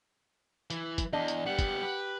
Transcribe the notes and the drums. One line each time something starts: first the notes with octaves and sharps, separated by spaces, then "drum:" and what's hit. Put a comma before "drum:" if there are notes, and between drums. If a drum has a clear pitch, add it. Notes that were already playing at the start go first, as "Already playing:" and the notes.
E3, drum: hi-hat
drum: kick, hi-hat
E2 D4 D#5
drum: hi-hat
G3 B3 G4 F#5
drum: kick, hi-hat
B4